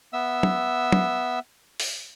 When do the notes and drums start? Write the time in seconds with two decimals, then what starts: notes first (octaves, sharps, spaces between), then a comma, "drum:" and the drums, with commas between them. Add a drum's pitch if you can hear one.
0.13 B3 E5 E6
0.43 drum: tom
0.92 drum: tom
1.80 drum: open hi-hat